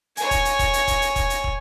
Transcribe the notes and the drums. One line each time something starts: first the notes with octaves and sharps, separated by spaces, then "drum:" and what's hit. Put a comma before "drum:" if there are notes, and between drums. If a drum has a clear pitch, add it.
C#5 G#5, drum: hi-hat
drum: kick, hi-hat
drum: hi-hat
drum: kick, hi-hat
drum: hi-hat
drum: kick, hi-hat
drum: hi-hat
drum: kick, hi-hat
drum: hi-hat
drum: kick